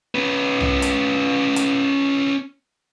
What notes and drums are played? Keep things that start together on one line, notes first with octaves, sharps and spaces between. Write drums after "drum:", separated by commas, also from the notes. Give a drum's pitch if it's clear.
C#4 B4
drum: tom
drum: hi-hat
drum: hi-hat